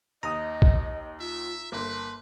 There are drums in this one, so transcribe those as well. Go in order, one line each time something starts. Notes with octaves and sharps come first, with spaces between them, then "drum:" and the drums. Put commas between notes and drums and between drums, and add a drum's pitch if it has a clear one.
D#2 D#4 D#5 A#5 D#6
drum: kick A#1
F4 E5
G1 A#3 B4 C6